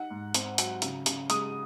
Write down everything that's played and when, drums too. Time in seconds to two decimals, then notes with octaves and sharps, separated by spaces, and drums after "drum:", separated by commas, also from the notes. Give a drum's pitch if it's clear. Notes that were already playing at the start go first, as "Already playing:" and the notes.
Already playing: D#4 F#5
0.11 G#2
0.34 C4, drum: hi-hat
0.58 F#3, drum: hi-hat
0.82 C#3, drum: hi-hat
1.06 C#3, drum: hi-hat
1.30 G#3 D#6, drum: hi-hat